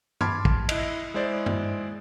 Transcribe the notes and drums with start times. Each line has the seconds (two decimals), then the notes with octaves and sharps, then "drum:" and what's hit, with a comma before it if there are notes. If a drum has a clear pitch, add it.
0.21 A5 B5 C6 D6 F6 G#6, drum: tom G2
0.45 drum: kick
0.69 E4 D#5, drum: cymbal
1.14 G#3 E4 C5 D5 D#5
1.46 drum: tom G2